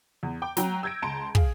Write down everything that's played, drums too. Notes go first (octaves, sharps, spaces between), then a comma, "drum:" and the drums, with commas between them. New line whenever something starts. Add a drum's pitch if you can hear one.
E2
G5 D6
F#3 G5 A#5, drum: snare
E6 G6 G#6 A#6 D7
C#2 A5 A#5 C6 D7
G#4 F5, drum: kick